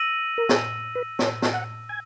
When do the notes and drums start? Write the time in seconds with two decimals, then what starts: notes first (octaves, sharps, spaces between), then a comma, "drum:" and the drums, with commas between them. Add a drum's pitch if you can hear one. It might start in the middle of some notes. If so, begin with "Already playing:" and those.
Already playing: E6 A#6 D#7 F#7
0.38 A#4
0.49 G#4, drum: snare
0.95 B4
1.19 C#5, drum: snare
1.42 drum: snare
1.53 F#5
1.89 G#5